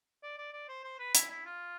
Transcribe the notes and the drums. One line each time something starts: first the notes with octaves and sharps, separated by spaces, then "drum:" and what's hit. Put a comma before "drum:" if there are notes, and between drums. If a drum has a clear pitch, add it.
D5
D5
D5
C5
C5
B4
E4, drum: hi-hat
E4
F4